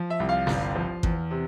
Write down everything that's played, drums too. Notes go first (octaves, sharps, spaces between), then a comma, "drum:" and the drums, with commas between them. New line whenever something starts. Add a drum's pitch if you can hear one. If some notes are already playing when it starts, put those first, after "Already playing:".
Already playing: F3
E5
C2
F5
G1, drum: snare
F3
E2, drum: kick G#1
C3